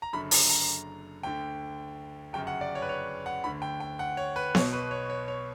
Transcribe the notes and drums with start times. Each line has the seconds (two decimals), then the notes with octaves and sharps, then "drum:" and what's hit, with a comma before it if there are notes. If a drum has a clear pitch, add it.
0.02 A#5
0.13 F#1 F#2 D3 B5
0.31 A#5, drum: open hi-hat
0.50 A#5
1.23 D2 D3 G5
2.33 G1 F#2 C#3 G5
2.47 F#5
2.61 D5
2.75 C#5
2.82 B4
2.89 C#5
3.26 F#5
3.44 D2 D3 B5
3.62 G5
3.80 G5
3.99 F#5
4.17 C#5
4.36 B4
4.55 B1 B2 C#5, drum: snare B3
4.73 B4
4.91 C#5
5.10 C#5
5.28 C#5